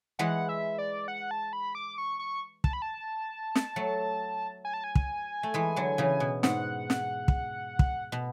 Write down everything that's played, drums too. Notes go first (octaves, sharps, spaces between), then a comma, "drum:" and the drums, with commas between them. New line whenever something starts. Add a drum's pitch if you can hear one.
E3 G#3 F#5
E5
D5
F#5
A5
B5
D6
C#6
C#6
A5, drum: kick
B5
A5
drum: snare
F#3 A3
G#5
A5
G#5
drum: kick
A3
E3 G#3
D3 F#3
C#3 E3
B2
G#2 F#5, drum: snare
drum: snare
drum: kick
drum: kick
B2